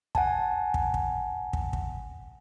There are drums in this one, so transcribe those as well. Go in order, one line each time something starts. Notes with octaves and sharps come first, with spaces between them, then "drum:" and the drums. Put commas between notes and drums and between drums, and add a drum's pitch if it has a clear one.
F#5 G#5 A5, drum: kick
drum: kick
drum: kick
drum: kick
drum: kick